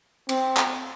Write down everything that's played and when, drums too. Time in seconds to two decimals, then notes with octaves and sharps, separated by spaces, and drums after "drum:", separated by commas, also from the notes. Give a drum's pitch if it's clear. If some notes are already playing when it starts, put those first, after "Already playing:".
0.29 C4, drum: cymbal
0.57 drum: clap